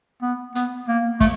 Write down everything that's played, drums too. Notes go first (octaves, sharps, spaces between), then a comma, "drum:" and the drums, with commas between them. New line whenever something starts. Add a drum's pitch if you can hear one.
B3
B3, drum: hi-hat
A#3
A3, drum: kick, open hi-hat